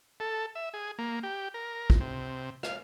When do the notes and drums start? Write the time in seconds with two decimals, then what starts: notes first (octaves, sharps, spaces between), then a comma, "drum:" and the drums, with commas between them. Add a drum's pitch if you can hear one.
0.20 A4
0.55 E5
0.74 G#4
0.99 A#3
1.23 G4
1.54 A#4
1.90 drum: kick
2.00 C3
2.63 F5, drum: rim click